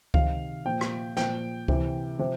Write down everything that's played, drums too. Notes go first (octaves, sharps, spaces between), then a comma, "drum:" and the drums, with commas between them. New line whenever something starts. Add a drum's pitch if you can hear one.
C3 D#3 F5, drum: kick C#2
A#2 F3 G5
drum: rim click
A#2 F3 G5, drum: snare
C3 E3, drum: kick C#2
C3 F3